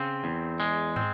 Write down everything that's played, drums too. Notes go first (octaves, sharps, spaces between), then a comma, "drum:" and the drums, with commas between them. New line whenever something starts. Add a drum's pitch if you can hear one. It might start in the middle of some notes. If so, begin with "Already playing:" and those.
Already playing: C#3 C4
E2
G#3
C4, drum: tom